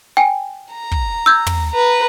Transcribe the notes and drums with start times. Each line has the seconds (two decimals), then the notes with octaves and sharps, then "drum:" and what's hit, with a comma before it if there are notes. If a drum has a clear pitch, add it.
0.17 G5 G#5
0.73 A#5
0.92 drum: kick
1.26 E6 G6 G#6
1.47 drum: tom
1.70 B4 A#5